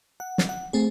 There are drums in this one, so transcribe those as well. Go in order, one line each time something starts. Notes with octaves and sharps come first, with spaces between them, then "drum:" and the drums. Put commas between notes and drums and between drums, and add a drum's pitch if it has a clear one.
F#5
drum: snare
F#5
A3 C4 G#4